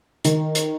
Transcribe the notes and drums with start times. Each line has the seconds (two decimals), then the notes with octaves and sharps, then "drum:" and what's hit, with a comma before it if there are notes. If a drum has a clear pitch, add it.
0.24 D#3, drum: hi-hat
0.55 drum: hi-hat